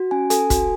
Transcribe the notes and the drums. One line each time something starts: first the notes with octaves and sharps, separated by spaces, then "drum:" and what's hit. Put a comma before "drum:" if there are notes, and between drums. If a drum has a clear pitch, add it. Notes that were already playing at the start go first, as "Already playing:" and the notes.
Already playing: F#4
C#4 G#5
A4 G#5, drum: hi-hat
F#4, drum: kick, hi-hat